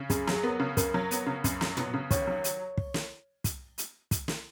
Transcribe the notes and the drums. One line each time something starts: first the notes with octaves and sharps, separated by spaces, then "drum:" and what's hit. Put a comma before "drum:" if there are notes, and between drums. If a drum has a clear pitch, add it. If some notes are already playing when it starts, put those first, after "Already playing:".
Already playing: C#3
F#2 G#4, drum: kick, hi-hat
F#3 G#4, drum: snare
B3 A#4
C#3
F#2 A#4, drum: kick, hi-hat
F#3
B3, drum: hi-hat
C#3
F#2, drum: kick, hi-hat
F#3, drum: snare
B3, drum: tom
C#3
D#2 C#5, drum: kick, hi-hat
F#3
drum: hi-hat
drum: kick
drum: snare
drum: kick, hi-hat
drum: hi-hat
drum: kick, hi-hat
drum: snare